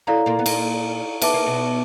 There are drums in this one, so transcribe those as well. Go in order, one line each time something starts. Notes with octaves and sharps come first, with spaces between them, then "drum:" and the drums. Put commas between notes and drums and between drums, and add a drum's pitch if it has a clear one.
F#2 F#3 E4 A4 D5 F5 A#5
A#2 A#3
B3
A#2 A#3, drum: cymbal
B3 B4 E5 A5 D6, drum: cymbal
A#3
B2 B3